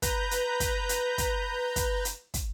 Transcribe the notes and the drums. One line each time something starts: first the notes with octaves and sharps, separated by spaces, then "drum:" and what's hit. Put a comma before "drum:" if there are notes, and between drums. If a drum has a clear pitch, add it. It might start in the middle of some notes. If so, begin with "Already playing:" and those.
B4 A#5 G6, drum: kick, hi-hat
drum: hi-hat
drum: kick, hi-hat
drum: hi-hat
drum: kick, hi-hat
drum: kick, hi-hat
drum: hi-hat
drum: kick, hi-hat